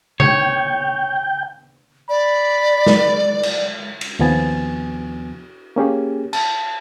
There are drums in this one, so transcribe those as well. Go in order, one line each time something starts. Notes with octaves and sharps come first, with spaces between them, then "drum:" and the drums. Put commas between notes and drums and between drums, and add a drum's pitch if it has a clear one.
C#5 G5, drum: tom C3
D5 B5
drum: snare
drum: cymbal
drum: cymbal
D#2 C3 F3 B3 G#5 A6
A#3 C#4 G4 G#4
A5, drum: cymbal